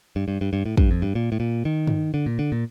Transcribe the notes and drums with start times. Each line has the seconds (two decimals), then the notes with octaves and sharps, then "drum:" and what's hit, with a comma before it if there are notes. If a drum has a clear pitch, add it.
0.16 G2
0.28 G2
0.41 G2
0.53 G2
0.66 A2
0.77 G2, drum: kick
0.91 F2
1.02 G2
1.15 A#2
1.32 A2
1.40 A#2
1.65 D#3
1.87 drum: tom G2
2.14 D3
2.26 A#2
2.39 D3
2.52 A#2